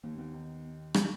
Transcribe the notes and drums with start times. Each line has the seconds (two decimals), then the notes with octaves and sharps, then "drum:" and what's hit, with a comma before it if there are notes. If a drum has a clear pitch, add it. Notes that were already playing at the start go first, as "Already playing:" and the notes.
0.03 D#2 A#3
0.18 D#2 B3
0.34 D#3
0.94 drum: rim click